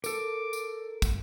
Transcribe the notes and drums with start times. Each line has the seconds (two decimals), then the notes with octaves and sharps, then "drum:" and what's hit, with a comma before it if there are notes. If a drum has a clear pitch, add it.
0.04 A4 A#4 D6, drum: tambourine
0.53 drum: tambourine
1.02 drum: kick, tambourine